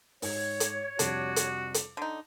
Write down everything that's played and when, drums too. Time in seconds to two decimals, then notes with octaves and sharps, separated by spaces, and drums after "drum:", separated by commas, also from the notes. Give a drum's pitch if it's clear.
0.22 G#2 C#5, drum: open hi-hat
0.60 drum: hi-hat
0.99 F2 C3 G3 D4 F#4, drum: hi-hat
1.36 drum: hi-hat
1.74 drum: hi-hat
1.97 D3 D#4